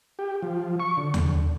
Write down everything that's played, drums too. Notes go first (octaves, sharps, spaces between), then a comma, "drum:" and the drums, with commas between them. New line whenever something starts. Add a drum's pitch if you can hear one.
G4
F3
C#6
D3
drum: tom D#2